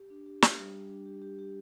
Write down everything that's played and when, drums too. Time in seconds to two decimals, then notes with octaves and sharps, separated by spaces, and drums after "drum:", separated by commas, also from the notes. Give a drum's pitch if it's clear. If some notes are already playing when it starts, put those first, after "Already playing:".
Already playing: G4
0.10 D4
0.26 G4
0.42 G4, drum: snare
0.57 G3
0.74 G4
0.90 D4
1.06 G4
1.22 G4
1.39 G4